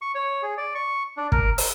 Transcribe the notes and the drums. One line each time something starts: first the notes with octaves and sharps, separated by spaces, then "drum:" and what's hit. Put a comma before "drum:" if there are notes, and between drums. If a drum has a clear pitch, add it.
C#6
C#5
G#4
D5
C#6
D4
A#4, drum: kick
E6, drum: open hi-hat